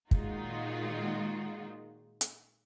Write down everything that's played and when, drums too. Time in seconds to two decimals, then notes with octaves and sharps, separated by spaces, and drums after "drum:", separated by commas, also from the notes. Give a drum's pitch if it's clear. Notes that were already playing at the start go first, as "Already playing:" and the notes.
0.11 A#2 D#3 G#3 D#4 F4 F#4, drum: kick
2.21 drum: hi-hat